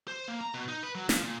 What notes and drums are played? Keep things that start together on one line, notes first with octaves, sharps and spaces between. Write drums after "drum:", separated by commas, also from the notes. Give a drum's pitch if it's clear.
C5
A#3
A#5
B2
D#4
B4
F#3
F3, drum: snare
A#2